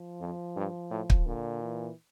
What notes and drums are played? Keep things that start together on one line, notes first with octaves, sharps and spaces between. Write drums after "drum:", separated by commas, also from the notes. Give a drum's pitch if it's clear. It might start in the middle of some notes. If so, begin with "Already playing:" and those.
Already playing: F3
F2
G2
A2
drum: kick
A#2 D3
E3